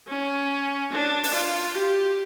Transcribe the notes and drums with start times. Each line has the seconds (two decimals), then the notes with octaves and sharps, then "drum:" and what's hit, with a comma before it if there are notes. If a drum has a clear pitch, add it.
0.08 C#4
0.92 D4
1.24 drum: open hi-hat
1.34 F4
1.75 G4